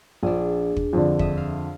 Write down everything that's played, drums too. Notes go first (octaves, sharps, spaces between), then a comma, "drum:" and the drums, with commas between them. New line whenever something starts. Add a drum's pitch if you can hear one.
A#1 D4 G#4
drum: kick
F2 D3
E5 D#6, drum: kick
F5